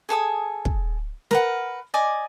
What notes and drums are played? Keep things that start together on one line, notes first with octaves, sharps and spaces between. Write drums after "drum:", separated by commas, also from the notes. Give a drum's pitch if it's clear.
G#4 A4 G#5 D#6
drum: kick
A#4 B4 F#5, drum: snare
D5 D#5 G#5 D6